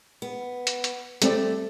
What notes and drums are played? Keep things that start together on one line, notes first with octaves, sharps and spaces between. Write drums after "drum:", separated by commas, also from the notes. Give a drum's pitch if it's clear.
B3
drum: hi-hat
drum: hi-hat
G3 A3 C4 D5, drum: hi-hat